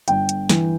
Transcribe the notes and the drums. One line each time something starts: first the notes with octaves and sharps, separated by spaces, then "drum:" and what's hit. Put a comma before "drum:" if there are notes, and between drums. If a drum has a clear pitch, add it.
G1 G5, drum: hi-hat
drum: hi-hat
E3, drum: snare